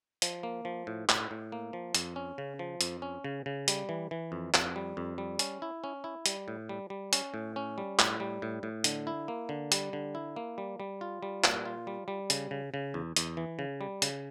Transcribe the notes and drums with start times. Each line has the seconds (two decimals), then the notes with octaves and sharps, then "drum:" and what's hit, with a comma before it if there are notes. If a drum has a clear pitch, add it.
0.22 F3, drum: hi-hat
0.43 A#3
0.65 F3
0.87 A2
1.09 A2, drum: clap
1.31 A2
1.52 A#3
1.73 F3
1.95 F2, drum: hi-hat
2.16 C#4
2.38 C#3
2.59 F3
2.81 F2, drum: hi-hat
3.02 C#4
3.24 C#3
3.46 C#3
3.68 G3, drum: hi-hat
3.89 E3
4.11 E3
4.32 F2
4.54 F2, drum: clap
4.76 G3
4.97 F2
5.18 G3
5.39 C#4, drum: hi-hat
5.62 E4
5.84 C#4
6.04 E4
6.26 G3, drum: hi-hat
6.48 A2
6.69 G3
6.90 G3
7.13 C#4, drum: hi-hat
7.34 A2
7.56 C#4
7.78 G3
7.99 A2, drum: clap
8.20 G3
8.42 A2
8.63 A2
8.84 D3, drum: hi-hat
9.07 E4
9.28 A#3
9.49 D3
9.72 G3, drum: hi-hat
9.93 D3
10.15 E4
10.36 A#3
10.58 G3
10.80 G3
11.01 F4
11.23 G3
11.44 A#2, drum: clap
11.65 F4
11.87 G3
12.08 G3
12.30 C#3, drum: hi-hat
12.51 C#3
12.74 C#3
12.94 E2
13.16 E2, drum: hi-hat
13.37 E3
13.59 C#3
13.81 G3
14.02 C#3, drum: hi-hat